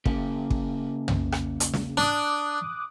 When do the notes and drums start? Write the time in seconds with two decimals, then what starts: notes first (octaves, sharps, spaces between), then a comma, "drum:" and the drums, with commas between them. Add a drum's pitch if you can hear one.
0.05 C#3 A#3, drum: kick
0.50 drum: kick
1.08 drum: tom
1.32 drum: rim click
1.60 drum: hi-hat
1.73 drum: snare
1.97 D4 D6 D#6 F#6